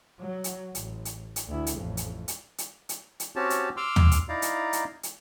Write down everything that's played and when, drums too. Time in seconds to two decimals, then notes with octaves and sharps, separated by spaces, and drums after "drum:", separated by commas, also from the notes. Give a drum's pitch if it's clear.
0.20 F#3
0.44 drum: hi-hat
0.75 A1, drum: hi-hat
1.05 drum: hi-hat
1.36 drum: hi-hat
1.48 D2 E4
1.67 drum: hi-hat
1.77 A1 F2
1.97 drum: hi-hat
2.28 drum: hi-hat
2.58 drum: hi-hat
2.89 drum: hi-hat
3.20 drum: hi-hat
3.36 C4 C#4 F#4 G4 C#5 A5
3.50 drum: hi-hat
3.77 C6 D6 E6 F6
3.96 drum: tom
4.11 drum: hi-hat
4.29 D#4 E4 D5 F5 A#5
4.42 drum: hi-hat
4.73 drum: hi-hat
5.03 drum: hi-hat